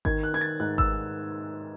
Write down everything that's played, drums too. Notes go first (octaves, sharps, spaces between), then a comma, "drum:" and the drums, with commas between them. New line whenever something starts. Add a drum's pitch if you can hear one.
D#3 G#6, drum: kick G#1
F#6
D#3 G#6
A6
G#2 F#6
E6, drum: kick G#1